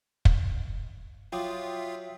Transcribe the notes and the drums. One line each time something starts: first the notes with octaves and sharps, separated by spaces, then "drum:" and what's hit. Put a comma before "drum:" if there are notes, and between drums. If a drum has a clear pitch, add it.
drum: kick
F#3 F4 E5 G5 D6 D#6